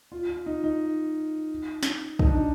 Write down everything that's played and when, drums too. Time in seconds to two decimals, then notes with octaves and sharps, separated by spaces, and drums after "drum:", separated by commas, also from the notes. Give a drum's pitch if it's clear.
0.12 F4
0.29 F4
0.46 D#4
0.64 D#4
1.83 drum: snare
2.19 D#4, drum: kick
2.27 D4
2.35 D#4